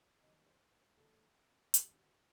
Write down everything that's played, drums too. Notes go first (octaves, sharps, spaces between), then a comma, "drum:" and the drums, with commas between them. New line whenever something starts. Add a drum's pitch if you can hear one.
D#2 D#3 F#3 D#5
C5
D#2 D#3 F#3 A4
C2 C3 D#3 G4, drum: hi-hat
F#4